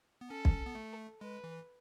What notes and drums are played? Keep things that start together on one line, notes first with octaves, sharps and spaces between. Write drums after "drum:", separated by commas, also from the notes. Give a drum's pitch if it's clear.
B3
C#4 A4
drum: kick
B3
A3
G#3 B4
E3